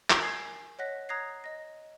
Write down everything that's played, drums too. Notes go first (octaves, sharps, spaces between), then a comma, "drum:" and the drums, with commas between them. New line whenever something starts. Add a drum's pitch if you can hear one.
drum: clap
A#4 G#5 G#6 C7
C#5 D#5 F#5 F#6 A#6 B6
A#5 D#6 F#6 G#6 A#6 C7
D#5 A#6